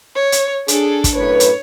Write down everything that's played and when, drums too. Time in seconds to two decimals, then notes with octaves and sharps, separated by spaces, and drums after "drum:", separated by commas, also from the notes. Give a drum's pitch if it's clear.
0.15 C#5
0.32 drum: hi-hat
0.68 D4 G#4 A4, drum: hi-hat
1.04 drum: kick, hi-hat
1.15 F#2 A2 B4 C#5
1.40 drum: hi-hat